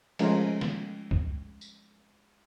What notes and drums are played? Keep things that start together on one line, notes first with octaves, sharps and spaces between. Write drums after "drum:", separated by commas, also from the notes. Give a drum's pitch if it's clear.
F3 G#3 A3 C#4 F4 A#4, drum: cymbal
drum: snare
drum: kick
drum: tambourine